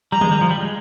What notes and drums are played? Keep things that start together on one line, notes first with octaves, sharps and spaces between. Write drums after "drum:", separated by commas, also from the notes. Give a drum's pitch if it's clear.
G3 A#5
G#3, drum: tom D3
G3
F3
G3
G#3